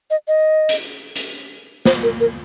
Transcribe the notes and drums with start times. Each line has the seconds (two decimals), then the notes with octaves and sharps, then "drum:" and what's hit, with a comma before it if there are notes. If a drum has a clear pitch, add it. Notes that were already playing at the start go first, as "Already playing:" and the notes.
0.10 D#5
0.28 D#5
0.69 drum: hi-hat
1.16 drum: hi-hat
1.86 C5, drum: snare
2.03 A#4
2.20 A#4